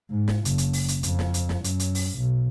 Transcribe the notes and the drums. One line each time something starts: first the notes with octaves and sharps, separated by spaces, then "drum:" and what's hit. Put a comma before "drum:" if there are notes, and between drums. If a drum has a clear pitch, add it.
G#2
drum: snare
F#1, drum: hi-hat
drum: hi-hat
drum: open hi-hat
drum: hi-hat
F2, drum: hi-hat
drum: snare
drum: hi-hat
drum: snare
F#2, drum: hi-hat
drum: hi-hat
drum: open hi-hat
B1